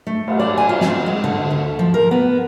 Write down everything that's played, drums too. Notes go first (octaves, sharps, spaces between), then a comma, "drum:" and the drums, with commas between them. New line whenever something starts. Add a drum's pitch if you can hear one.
A3
drum: cymbal
D5
G#5
F4
C4, drum: snare
G#3
D3
D2
F3
A#4
B3